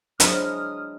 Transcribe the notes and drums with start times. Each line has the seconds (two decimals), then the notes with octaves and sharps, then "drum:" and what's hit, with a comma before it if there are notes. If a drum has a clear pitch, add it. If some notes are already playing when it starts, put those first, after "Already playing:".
0.20 F#3 G#3 D4 E4 C5 D#6 F6, drum: hi-hat